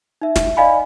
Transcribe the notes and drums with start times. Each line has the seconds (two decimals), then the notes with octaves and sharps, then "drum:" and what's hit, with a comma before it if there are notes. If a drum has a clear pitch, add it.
0.22 D#4 E5
0.36 drum: snare
0.57 D5 D#5 F5 G#5 B5